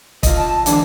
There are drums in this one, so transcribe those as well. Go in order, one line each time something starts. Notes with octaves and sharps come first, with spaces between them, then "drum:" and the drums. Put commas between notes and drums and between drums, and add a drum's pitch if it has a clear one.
F4 D#5, drum: kick, hi-hat
A5
D3 E3 G#3 D4, drum: hi-hat